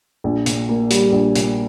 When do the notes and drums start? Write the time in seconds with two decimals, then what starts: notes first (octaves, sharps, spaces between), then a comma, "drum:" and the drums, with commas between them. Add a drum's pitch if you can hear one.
0.24 A#1
0.46 A#2, drum: hi-hat
0.69 A#3
0.90 G3, drum: hi-hat
1.12 A#1
1.35 A#2, drum: hi-hat